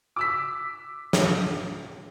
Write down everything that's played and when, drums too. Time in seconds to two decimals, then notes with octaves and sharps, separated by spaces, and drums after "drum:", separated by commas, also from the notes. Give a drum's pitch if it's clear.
0.16 D6 E6 B6
1.13 drum: snare